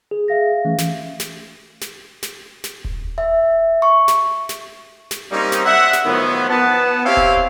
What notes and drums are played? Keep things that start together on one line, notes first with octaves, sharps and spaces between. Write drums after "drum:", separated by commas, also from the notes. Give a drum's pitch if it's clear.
G#4
E5 F5 A#6
E3 A3 C#4
drum: snare
drum: snare
drum: snare
drum: snare
drum: snare
drum: kick D#1
E5
C#6
drum: snare
drum: snare
drum: snare
G3 A#3 C4 C#4 D#4
drum: snare
E5 F#5
drum: snare
A2 D#3 F3 F#3 B3
B3 A5
C4 E4 G4 C#5 F5
drum: kick D#1